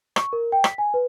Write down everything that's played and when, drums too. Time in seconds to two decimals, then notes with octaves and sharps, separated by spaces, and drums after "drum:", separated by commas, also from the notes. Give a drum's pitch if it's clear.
0.16 C#6, drum: rim click
0.33 A#4
0.52 G5
0.64 B6, drum: rim click
0.78 G#5
0.94 B4